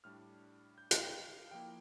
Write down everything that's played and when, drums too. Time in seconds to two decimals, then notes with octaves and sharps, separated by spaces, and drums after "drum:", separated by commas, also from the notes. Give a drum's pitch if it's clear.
0.04 A2 G3 D4 F6
0.78 G6
0.91 F6, drum: hi-hat
0.97 F5
1.03 G5
1.51 F3 A#3 E4 G5